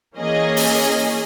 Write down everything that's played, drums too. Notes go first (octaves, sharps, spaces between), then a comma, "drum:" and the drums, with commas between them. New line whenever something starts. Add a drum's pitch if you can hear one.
E3 A#3 C#4 G#4 D#5
drum: open hi-hat